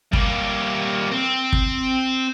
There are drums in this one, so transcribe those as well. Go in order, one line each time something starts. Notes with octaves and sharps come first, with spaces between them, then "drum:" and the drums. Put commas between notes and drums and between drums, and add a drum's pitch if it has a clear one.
G3 A#3, drum: kick
C4
drum: kick